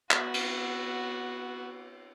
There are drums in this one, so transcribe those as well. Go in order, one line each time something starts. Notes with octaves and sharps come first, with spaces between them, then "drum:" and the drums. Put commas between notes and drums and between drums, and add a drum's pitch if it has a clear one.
B3 F#4, drum: clap
drum: cymbal